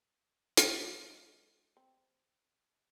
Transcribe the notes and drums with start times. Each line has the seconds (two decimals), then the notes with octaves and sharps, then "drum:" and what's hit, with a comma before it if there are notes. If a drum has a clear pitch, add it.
0.57 A#4, drum: hi-hat
1.10 G#3
1.77 C4